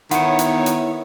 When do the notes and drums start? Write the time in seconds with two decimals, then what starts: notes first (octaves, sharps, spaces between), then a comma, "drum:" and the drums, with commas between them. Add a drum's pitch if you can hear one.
0.11 D#3 B3 E4 C#5 F#5 C#7, drum: hi-hat
0.39 drum: hi-hat
0.66 drum: hi-hat